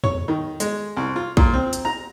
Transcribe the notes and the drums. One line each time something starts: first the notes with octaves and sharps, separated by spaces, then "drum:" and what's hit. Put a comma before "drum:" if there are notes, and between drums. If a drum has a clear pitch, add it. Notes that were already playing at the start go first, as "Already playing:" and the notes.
C#5, drum: tom E2
D#3
G#3, drum: hi-hat
C2
F4
A#2, drum: kick A#1
C4
drum: hi-hat
A#5